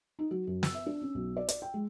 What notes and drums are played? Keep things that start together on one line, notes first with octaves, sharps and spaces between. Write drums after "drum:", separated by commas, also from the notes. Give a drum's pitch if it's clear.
D#4
F#3
F#2
E6, drum: snare
E5
D4
C#4
B1
D5
D5, drum: hi-hat
G5
G#3